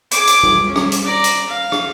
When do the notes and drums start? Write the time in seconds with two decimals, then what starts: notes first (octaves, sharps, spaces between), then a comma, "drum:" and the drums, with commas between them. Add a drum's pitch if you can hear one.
0.11 G#4 D6, drum: hi-hat
0.27 drum: hi-hat
0.43 drum: tom
0.66 C#4
0.76 drum: rim click
0.92 drum: hi-hat
1.04 D5 A#5
1.24 drum: hi-hat
1.48 F5
1.72 drum: rim click